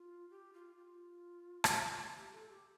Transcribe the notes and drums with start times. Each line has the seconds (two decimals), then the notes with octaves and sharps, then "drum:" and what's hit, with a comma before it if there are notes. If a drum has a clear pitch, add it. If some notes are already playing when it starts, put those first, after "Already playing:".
Already playing: F4
0.30 G4
0.53 F4
0.76 F4
1.64 drum: rim click
2.17 G4
2.32 A4
2.49 G4